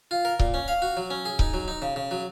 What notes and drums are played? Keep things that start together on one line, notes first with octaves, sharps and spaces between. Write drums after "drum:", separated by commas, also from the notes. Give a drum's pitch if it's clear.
F4
A#4
A#2, drum: kick C#1
C#4
F5
F#4
F#3
C#4
G#4
D#4, drum: kick C#1
F#3
D#4
C#3
C#3
F#3